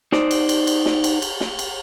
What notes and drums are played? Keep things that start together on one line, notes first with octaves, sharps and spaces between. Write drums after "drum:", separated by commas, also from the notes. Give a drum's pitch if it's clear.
D#4 C5 D5, drum: snare
drum: cymbal
drum: cymbal
drum: cymbal
drum: snare
drum: cymbal
drum: cymbal
drum: snare
drum: cymbal